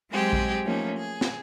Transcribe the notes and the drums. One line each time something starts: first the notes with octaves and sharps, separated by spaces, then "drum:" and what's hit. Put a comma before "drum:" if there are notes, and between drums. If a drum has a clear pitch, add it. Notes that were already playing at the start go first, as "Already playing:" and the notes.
F#3 G#3 C4 G4 G#4
drum: kick A#1
F3 A3 A#3 C#4 D#4
G#4
drum: snare